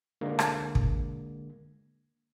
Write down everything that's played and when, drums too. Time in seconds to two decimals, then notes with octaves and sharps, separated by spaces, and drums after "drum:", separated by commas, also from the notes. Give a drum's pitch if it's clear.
0.21 D3 G#3 A#3
0.39 drum: rim click
0.75 drum: kick